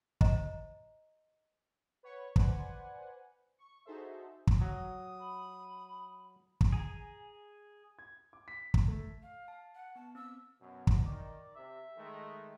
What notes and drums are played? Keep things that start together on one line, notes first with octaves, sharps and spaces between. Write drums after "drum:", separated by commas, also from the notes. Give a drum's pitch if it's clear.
C5 D#5 A#5, drum: kick
B4 C#5 F#5 C#6
B4 C5 D5 F#5 G#5, drum: kick
C#6
D#4 F#4 G#4 A4 C5 E5
drum: kick
F#3 D#6
B5
drum: kick
G#4 G#5 A#5
G#6
D6
B6
drum: kick
A3
F5
A5
F#5
B3 A5
C4 E6
F#2 B2
drum: kick
D#3 D5
C3 E5
D#3 G#3 A3